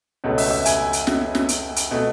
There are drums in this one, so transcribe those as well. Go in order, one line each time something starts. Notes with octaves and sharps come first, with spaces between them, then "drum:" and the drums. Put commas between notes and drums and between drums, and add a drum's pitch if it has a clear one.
C#2 B2 A3 C#4
E5, drum: open hi-hat
E5
G#5, drum: hi-hat
drum: hi-hat
drum: snare
drum: snare
drum: hi-hat
drum: hi-hat
B2 A3